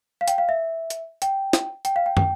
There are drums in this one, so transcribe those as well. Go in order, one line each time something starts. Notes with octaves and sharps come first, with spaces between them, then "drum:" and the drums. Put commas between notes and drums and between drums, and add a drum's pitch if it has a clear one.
F5
G5, drum: hi-hat
F5
E5
drum: hi-hat
G5, drum: hi-hat
drum: snare
G5, drum: hi-hat
F5
G5
G5, drum: tom